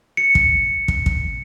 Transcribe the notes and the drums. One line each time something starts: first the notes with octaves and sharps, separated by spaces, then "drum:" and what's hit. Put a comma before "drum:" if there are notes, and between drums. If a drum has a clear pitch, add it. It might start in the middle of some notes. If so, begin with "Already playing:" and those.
C#7
drum: kick
drum: kick
drum: kick